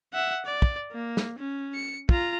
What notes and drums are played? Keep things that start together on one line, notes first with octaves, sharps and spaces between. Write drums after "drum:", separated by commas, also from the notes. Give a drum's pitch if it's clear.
E5 F#5
D5
drum: kick
A#3
drum: snare
C#4
C#7
F4 A#5, drum: kick